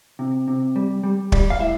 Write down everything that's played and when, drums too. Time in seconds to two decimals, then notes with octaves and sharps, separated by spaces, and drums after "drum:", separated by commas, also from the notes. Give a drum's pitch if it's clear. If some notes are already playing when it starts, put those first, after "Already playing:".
0.19 C3
0.48 C3
0.76 G3
1.03 G3
1.32 G3, drum: kick
1.50 F5
1.60 A2 E5